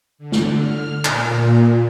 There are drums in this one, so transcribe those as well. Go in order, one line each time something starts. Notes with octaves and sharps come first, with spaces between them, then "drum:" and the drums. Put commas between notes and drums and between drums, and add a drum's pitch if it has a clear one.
D3
drum: snare
F6
A#2, drum: clap